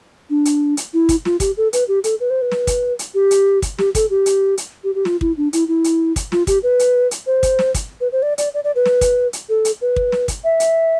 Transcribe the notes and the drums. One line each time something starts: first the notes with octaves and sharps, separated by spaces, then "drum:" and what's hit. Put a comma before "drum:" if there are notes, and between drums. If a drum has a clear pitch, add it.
D4
drum: hi-hat
drum: hi-hat
E4
drum: kick, hi-hat
F4, drum: snare
G4, drum: kick, hi-hat
A4
B4, drum: hi-hat
G4
A4, drum: hi-hat
B4
C5
B4
drum: snare
drum: kick, hi-hat
drum: hi-hat
G4
drum: hi-hat
drum: kick, hi-hat
G4, drum: snare
A4, drum: kick, hi-hat
G4
drum: hi-hat
drum: hi-hat
G4
G4
F4, drum: snare
E4, drum: kick
D4
E4, drum: hi-hat
E4
drum: hi-hat
drum: kick, hi-hat
F4, drum: snare
G4, drum: kick, hi-hat
B4
drum: hi-hat
drum: hi-hat
C5
drum: kick, hi-hat
drum: snare
drum: kick, hi-hat
B4
C5
D5
D5, drum: hi-hat
D5
D5
B4
drum: snare
drum: kick, hi-hat
drum: hi-hat
A4
drum: hi-hat
B4
drum: kick
drum: snare
drum: kick, hi-hat
E5
drum: hi-hat